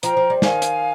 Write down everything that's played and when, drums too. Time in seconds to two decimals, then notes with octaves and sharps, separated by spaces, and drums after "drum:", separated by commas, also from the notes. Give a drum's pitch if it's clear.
0.03 F3 G5 A#5, drum: hi-hat
0.17 F3
0.30 G3
0.42 D#3 F5 G#5, drum: snare
0.62 drum: hi-hat